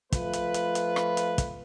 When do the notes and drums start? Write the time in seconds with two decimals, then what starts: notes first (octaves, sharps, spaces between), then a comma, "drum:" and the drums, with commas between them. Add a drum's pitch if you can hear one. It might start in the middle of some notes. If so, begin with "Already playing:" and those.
0.12 F3 A3 F4 B4, drum: kick, hi-hat
0.33 drum: hi-hat
0.54 drum: hi-hat
0.75 drum: hi-hat
0.96 drum: rim click
1.17 drum: hi-hat
1.38 drum: kick, hi-hat